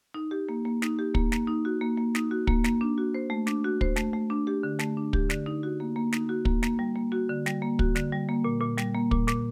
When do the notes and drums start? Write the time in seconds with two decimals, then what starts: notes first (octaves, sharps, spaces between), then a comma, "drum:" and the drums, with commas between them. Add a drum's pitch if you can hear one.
0.14 D#4
0.31 G4
0.49 A#3
0.65 A#3
0.82 D#4, drum: snare
0.99 G4
1.15 A#3, drum: kick
1.32 A#3, drum: snare
1.47 D#4
1.65 F#4
1.81 A#3
1.98 A#3
2.15 D#4, drum: snare
2.31 F#4
2.47 A#3, drum: kick
2.64 A#3, drum: snare
2.81 D4
2.98 F#4
3.14 C5
3.30 A3
3.47 D4, drum: snare
3.64 F#4
3.81 C5, drum: kick
3.96 A3, drum: snare
4.13 A3
4.30 D4
4.47 G4
4.63 D3
4.79 A3, drum: snare
4.97 D4
5.13 G4, drum: kick
5.30 D3, drum: snare
5.46 D#4
5.63 F#4
5.80 A#3
5.96 A#3
6.12 D#4, drum: snare
6.29 F#4
6.45 A#3, drum: kick
6.63 A#3, drum: snare
6.79 G3
6.95 A#3
7.12 F#4
7.29 D3
7.46 G3, drum: snare
7.62 A#3
7.79 F#4, drum: kick
7.96 D3, drum: snare
8.12 G3
8.29 A#3
8.44 A#2
8.61 A#2
8.78 G3, drum: snare
8.95 A#3
9.11 A#2, drum: kick
9.28 A#2, drum: snare